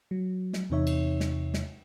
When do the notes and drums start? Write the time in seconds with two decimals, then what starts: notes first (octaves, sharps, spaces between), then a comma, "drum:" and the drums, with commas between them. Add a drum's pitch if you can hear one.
0.11 F#3
0.53 drum: snare
0.70 E2 C3 D#4 C#5 E5
0.87 drum: cymbal
1.20 drum: snare
1.54 drum: snare